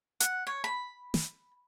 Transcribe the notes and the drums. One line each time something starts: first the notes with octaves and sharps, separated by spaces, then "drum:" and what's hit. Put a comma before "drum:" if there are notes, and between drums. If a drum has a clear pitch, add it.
F#5, drum: hi-hat
C#5
B5
drum: snare